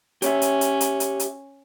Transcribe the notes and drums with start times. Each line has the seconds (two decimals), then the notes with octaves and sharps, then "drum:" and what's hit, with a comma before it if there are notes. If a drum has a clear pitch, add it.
0.22 C#4 G4 C#5 E5, drum: hi-hat
0.42 drum: hi-hat
0.61 drum: hi-hat
0.81 drum: hi-hat
1.00 drum: hi-hat
1.20 drum: hi-hat